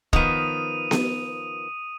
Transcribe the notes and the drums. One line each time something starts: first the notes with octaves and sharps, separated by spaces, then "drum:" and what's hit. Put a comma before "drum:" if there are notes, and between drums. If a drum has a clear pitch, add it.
D#3 F3 B3 D#6 D#7, drum: kick
drum: snare B3